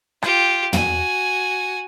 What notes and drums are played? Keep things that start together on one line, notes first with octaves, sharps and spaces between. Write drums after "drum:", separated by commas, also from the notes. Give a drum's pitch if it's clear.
F4 G4, drum: rim click
F#4 G#5, drum: tom